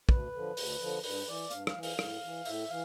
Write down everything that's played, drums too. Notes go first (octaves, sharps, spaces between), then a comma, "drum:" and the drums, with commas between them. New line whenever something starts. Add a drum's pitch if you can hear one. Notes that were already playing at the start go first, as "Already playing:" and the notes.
D2 B4, drum: kick
D3 F3
D2, drum: open hi-hat
D3 F3
G2 B4, drum: open hi-hat
E3 D5
G2 F5, drum: hi-hat
F5, drum: rim click
E3
F5, drum: open hi-hat
A2, drum: rim click
E3
A2 E5, drum: open hi-hat
E3 F5